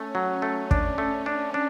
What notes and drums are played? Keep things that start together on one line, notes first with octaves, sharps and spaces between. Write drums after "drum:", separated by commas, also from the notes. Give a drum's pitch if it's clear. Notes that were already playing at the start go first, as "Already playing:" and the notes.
Already playing: A3 C#4
F#3
A3
D4, drum: kick
A3
D4
D4